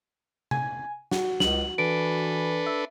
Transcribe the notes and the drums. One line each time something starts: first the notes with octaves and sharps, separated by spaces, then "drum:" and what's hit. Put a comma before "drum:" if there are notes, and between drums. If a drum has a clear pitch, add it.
G#5, drum: tom C3
F#4, drum: snare
C#2 F#7, drum: snare
E3 D4 A4 B4 D7
E5